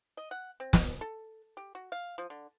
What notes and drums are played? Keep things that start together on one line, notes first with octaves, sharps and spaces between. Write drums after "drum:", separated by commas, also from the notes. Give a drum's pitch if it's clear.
D#5
F#5
C4
drum: snare
A4
G4
F#4
F5
F3
D3